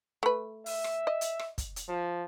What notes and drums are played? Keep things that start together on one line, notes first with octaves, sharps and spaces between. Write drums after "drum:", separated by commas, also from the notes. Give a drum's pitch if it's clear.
A3 B4
E5, drum: open hi-hat
drum: rim click
D#5
drum: hi-hat
drum: rim click
drum: kick, hi-hat
drum: hi-hat
F3